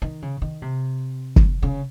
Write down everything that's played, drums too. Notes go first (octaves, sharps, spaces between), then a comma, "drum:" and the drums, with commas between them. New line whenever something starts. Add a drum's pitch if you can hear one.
D#3
C#3
D#3
C3
drum: kick
C#3